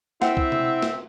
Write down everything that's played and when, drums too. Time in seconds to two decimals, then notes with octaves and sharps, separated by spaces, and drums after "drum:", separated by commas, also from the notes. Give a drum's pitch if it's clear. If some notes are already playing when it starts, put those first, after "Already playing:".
0.22 C4 E4 E5 F#5, drum: snare
0.37 drum: kick C2
0.52 drum: tom C3
0.82 drum: snare